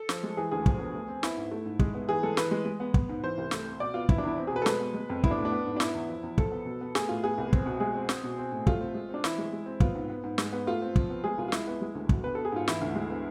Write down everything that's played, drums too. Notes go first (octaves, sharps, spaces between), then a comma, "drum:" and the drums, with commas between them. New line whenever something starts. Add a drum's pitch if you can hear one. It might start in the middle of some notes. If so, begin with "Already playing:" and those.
Already playing: A4
F3, drum: snare
G#3
E3 G#4
D2 G#4
F3, drum: kick
B3
A3
C4
B3 E4, drum: snare
G#2
A3
G#2
G#3, drum: kick
B3
E3 G#4
G#3 A4
E3 B4, drum: snare
G#3
G#3
B3
B3, drum: kick
G#2
E3 C5
C2
A3, drum: snare
C4
B2 D5
B3 F4
E3 E4, drum: kick
D4
E2 E4
C4
G#4
B2 B4
A4
G#3 B4, drum: snare
B3
G#3
F2
B3 E4, drum: kick
D4
A2
D4
B3
G#2
D4
B3 E4, drum: snare
E2
F3
E2
F3 A4, drum: kick
B3
B2
B3
A3 G#4, drum: snare
A2 F4
B3 G#4
C2
C4, drum: kick
B2
G#3 G#4
C4
C4, drum: snare
B2
C4
A2
A3 F4, drum: kick
C4
G#3
C4 D4
E3 E4, drum: snare
G#3
G#3
C4
B3 F4, drum: kick
G#2
B3
G#2
G#3, drum: snare
B3
A3 F4
C4
F3, drum: kick
B3
G#3 G#4
C2 F4
F4
G#3 E4, drum: snare
B3
G#3
D2
B2, drum: kick
B3 B4
B3 A4
G#4
G#2 F4
E3 E4, drum: snare
D2
G#3
B3